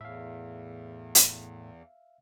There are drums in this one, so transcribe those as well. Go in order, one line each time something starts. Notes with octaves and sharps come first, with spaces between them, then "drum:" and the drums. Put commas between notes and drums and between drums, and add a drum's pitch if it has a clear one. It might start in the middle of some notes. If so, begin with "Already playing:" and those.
E2 A2 E5 F5
drum: hi-hat